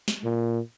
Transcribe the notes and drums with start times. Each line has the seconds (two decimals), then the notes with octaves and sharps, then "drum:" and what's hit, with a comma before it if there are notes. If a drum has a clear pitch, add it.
0.08 drum: snare
0.24 A#2